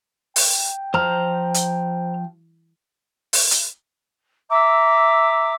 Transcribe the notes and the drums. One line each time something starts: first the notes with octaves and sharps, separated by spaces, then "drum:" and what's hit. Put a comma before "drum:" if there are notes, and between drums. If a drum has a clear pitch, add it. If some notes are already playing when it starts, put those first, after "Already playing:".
G5, drum: open hi-hat
F3 C5 A#5 F6
drum: hi-hat
drum: open hi-hat
drum: hi-hat
E5 A#5 D6 E6